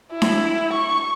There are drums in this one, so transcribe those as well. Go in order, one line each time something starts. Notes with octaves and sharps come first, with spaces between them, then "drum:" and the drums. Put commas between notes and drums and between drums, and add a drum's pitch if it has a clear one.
E4
drum: snare D4
C#6